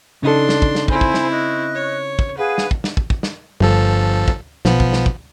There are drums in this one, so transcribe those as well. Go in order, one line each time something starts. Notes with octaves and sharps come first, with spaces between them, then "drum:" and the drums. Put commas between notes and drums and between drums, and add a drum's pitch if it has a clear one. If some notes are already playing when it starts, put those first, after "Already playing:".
C#3 D4 D#4 A4 C6
drum: snare
drum: kick
drum: snare
C4 E4 C5 G#5 B5, drum: kick
drum: kick
drum: snare
D#5 C#6 F#6
C#5
drum: kick
G#4 B4 F5 F#5
drum: snare
drum: kick
drum: snare
drum: kick
drum: kick
drum: snare
G1 G2 F3 A4
drum: kick
B1 F3 B3, drum: snare
drum: kick
drum: snare
drum: kick